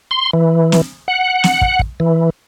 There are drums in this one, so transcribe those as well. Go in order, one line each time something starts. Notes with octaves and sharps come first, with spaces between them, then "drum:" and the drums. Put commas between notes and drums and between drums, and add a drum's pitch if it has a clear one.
C6
E3
drum: snare
F#5
drum: snare
drum: kick
drum: kick
E3